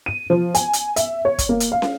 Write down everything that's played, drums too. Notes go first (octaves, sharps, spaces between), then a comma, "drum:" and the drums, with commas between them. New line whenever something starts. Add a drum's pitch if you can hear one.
D#7
F3
G#5, drum: hi-hat
drum: hi-hat
E5, drum: hi-hat
C#5
drum: kick, hi-hat
A#3
drum: hi-hat
F5
drum: snare